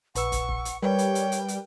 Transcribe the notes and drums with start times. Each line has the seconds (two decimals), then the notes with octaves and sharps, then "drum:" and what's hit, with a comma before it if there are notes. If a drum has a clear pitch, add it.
0.15 A#1 B4 F#5 C#6 E6, drum: hi-hat
0.32 drum: kick, hi-hat
0.49 drum: kick
0.65 drum: hi-hat
0.82 G3 A#4 B4 C#5 G5
0.99 drum: hi-hat
1.15 drum: hi-hat
1.32 drum: hi-hat
1.48 drum: hi-hat